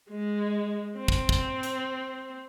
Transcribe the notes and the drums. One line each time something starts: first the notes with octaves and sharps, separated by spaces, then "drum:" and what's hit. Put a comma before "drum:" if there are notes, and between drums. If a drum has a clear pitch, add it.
G#3
C4
drum: kick
drum: kick
drum: hi-hat